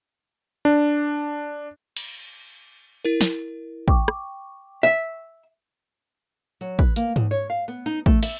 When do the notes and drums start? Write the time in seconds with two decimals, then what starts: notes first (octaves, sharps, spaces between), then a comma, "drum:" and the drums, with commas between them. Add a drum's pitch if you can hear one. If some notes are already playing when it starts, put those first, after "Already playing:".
0.65 D4
1.96 drum: cymbal
3.05 E4 A#4
3.21 drum: snare
3.88 G5 C#6 D6, drum: kick
4.08 drum: rim click
4.83 E5
6.61 F#3
6.79 B4, drum: kick
6.96 A#3, drum: hi-hat
7.16 E2, drum: tom G#2
7.31 C#5
7.50 F5
7.68 B3
7.86 D#4
8.06 A3, drum: kick
8.23 E5, drum: cymbal